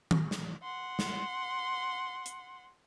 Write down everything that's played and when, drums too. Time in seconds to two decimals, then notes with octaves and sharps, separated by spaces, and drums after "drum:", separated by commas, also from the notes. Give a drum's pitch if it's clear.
0.11 drum: tom D#3
0.31 drum: snare
0.63 F#5 C6
0.99 drum: snare
2.26 drum: hi-hat